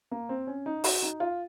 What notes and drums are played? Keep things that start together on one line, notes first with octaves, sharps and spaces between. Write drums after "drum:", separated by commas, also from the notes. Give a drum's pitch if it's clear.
A#3
C4
C#4
D#4
F#4, drum: open hi-hat
D#4
F4